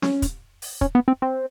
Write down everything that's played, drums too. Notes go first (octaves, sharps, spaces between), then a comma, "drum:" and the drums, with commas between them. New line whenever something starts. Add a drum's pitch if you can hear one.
C#4, drum: snare
drum: kick, hi-hat
drum: open hi-hat
C#4, drum: kick
B3
C4
C4